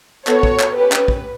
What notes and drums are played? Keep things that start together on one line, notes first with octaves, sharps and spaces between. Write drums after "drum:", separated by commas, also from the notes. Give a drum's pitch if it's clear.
B3 F#4 A4 C#5, drum: clap
drum: kick
drum: clap
C#4 G4 B4
drum: clap
drum: kick